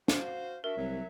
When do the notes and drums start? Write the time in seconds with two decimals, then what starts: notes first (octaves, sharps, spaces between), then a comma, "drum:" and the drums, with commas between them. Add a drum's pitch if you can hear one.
0.08 F#4 C5 F5, drum: snare
0.64 D4 F#4 A#4 E5
0.77 C2 F#3